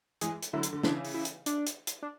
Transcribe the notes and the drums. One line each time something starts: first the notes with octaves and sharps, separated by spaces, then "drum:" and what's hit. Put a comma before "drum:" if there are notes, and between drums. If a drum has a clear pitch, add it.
E3 G#3 G#4, drum: hi-hat
drum: hi-hat
D3 F#3 E4
drum: hi-hat
D3
C#3 E3 D4, drum: snare
drum: open hi-hat
E4
drum: hi-hat
D4, drum: hi-hat
drum: hi-hat
drum: hi-hat
D4